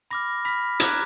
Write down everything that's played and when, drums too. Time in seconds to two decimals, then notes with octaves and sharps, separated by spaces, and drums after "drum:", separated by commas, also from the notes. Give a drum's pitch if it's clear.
0.11 B5 D6 F6 A#6
0.45 B5 F6 B6
0.80 A#5 D6 F#6 G#6, drum: hi-hat